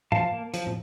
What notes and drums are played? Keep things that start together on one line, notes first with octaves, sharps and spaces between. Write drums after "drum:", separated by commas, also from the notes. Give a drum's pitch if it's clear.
F3 F5 A5, drum: tom
A#3
F3, drum: hi-hat
drum: tom